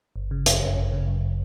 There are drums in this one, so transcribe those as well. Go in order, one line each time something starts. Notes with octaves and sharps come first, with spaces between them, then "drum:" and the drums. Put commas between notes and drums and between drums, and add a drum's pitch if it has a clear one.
G1
C#3
F#2, drum: hi-hat
G1
G1
C#3
F#2